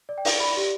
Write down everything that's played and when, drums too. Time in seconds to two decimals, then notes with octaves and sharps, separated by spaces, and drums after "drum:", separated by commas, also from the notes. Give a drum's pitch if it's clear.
0.09 D5
0.18 G5
0.25 D5, drum: open hi-hat
0.40 D5 B5
0.57 G4